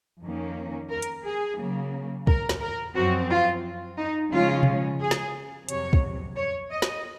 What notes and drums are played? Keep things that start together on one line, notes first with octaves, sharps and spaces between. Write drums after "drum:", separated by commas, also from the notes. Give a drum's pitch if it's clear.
F2 D#3 A#3 C#4
A#4
drum: hi-hat
G#4
C#3 F#3 A#3
A#4, drum: kick
drum: snare
A#4
F#2 F3 C4 F#4
F4
D#4
C#3 F3 G#3 C#4 F4
drum: tom
G#4
drum: snare
F2 C3 F#3 C#5, drum: hi-hat
drum: kick
C#5
D#5
drum: snare